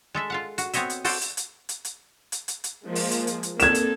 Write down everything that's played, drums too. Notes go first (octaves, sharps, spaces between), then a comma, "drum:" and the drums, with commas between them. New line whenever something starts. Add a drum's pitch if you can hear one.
G#3 A4 E5
F4 F5 F#5
F#4, drum: hi-hat
B3 C4 C#5 D#5 E5, drum: hi-hat
drum: hi-hat
F#4 A4 C5 D5, drum: open hi-hat
drum: hi-hat
drum: hi-hat
drum: hi-hat
drum: hi-hat
drum: hi-hat
drum: hi-hat
drum: hi-hat
F3 G#3 A#3
drum: open hi-hat
drum: hi-hat
drum: hi-hat
drum: hi-hat
A#3 C4 A4 G#6 E7, drum: hi-hat
drum: hi-hat